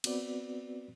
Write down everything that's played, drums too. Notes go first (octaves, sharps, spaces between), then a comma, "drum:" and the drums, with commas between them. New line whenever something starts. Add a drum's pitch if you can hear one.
B3 C4 F#4 B4 D5, drum: cymbal